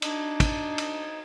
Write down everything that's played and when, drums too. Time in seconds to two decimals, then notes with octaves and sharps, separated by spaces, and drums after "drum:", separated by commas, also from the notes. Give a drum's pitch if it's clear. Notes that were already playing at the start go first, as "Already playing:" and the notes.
0.02 D4 D#4, drum: cymbal
0.40 drum: kick, cymbal
0.78 drum: cymbal